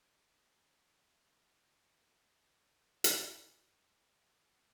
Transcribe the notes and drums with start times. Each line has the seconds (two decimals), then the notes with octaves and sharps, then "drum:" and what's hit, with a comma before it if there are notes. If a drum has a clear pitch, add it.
0.17 C#7 E7
0.47 F3
0.97 D#4 A4 B4 C#5 F#6 E7
1.34 E3
1.75 F#5 C7
2.16 F4 F#4
3.04 drum: hi-hat
3.65 A#3
4.25 C#4